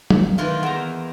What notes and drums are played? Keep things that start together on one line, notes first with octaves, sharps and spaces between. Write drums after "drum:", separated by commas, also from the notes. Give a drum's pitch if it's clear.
drum: tom
D#3 E3 F4 B4 F5
E2 F#5 A#5 D7 E7